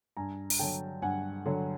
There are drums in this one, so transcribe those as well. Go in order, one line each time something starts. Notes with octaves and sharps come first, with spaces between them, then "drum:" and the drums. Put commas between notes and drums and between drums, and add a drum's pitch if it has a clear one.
G2 G#5 A#5
drum: open hi-hat
D3 F#3 G5 A5
G2 F#5 G#5
D3 F#3